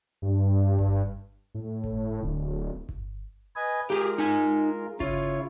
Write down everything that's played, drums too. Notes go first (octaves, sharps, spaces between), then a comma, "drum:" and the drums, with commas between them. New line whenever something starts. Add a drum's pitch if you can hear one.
G2
drum: kick G1
A2
drum: kick G1
D1
drum: kick G1
B4 D#5 G#5
G#3 F4 G4 G#4 A#4
D#4 G#5
C#3 E4 F4 C#5, drum: kick G1